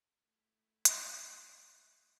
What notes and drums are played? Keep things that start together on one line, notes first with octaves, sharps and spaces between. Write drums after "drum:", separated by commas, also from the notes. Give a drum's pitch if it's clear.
A3 E4
drum: hi-hat